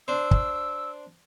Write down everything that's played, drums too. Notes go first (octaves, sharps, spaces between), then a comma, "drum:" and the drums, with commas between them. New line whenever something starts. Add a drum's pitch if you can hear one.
D4 C5 E6
drum: kick